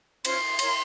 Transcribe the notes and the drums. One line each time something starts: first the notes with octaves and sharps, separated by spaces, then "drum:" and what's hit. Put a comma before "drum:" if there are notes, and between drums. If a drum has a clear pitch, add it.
C#4 F4 C5 C6, drum: cymbal
E4 A#4 C#5, drum: cymbal